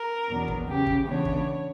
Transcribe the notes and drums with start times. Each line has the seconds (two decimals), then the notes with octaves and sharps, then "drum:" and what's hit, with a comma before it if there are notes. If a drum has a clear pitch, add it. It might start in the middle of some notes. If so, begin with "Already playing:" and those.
Already playing: A#4
0.29 E2 B2 F#3 B3 D4
0.48 drum: kick
0.67 C#3 F#3 C#4 G4
0.87 drum: kick
1.05 C#3 E3 B3 D4 C#5
1.25 drum: kick